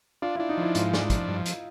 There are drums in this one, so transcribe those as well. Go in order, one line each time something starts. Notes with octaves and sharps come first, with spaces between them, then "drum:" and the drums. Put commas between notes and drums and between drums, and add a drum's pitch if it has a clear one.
D4 F4
D4 E4
D#4
F3 E4
G#2 F4, drum: hi-hat
D4, drum: snare
F3, drum: kick, hi-hat
G2
drum: hi-hat